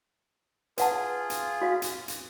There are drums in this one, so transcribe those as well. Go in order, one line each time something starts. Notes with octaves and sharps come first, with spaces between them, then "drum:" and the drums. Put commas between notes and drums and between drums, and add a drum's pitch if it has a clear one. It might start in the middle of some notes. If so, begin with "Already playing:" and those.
F4 G#4 B4 F#5 A5, drum: hi-hat
drum: hi-hat
F#4 F5
drum: hi-hat
drum: hi-hat